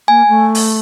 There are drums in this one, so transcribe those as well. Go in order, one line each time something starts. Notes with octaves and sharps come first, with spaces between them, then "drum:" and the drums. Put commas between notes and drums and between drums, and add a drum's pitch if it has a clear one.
A#3 G#5
A3
drum: open hi-hat